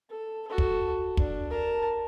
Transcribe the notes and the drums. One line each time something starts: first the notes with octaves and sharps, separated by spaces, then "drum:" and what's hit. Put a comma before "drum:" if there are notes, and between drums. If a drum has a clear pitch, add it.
A4
F#4 A4
drum: kick
D4, drum: kick
A#4 A5